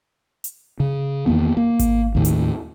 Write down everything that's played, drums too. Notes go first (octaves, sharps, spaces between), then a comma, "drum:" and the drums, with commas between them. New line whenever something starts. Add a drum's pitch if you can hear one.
drum: hi-hat
C#3
E2 D#3 A#3 B3
A#3
drum: kick G#1, hi-hat
D#2 A2 D#3
drum: hi-hat